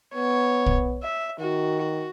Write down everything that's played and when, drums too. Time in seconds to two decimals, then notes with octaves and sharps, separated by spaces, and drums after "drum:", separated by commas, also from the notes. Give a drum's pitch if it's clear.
0.14 B3 C#5
0.66 drum: kick
1.03 E5
1.39 D#3 F#4